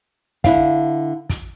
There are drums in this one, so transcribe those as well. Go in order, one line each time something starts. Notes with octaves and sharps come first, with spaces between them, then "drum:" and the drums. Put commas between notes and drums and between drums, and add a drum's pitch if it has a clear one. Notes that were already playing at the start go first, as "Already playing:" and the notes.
D3 E4 F5, drum: kick, hi-hat
drum: kick, hi-hat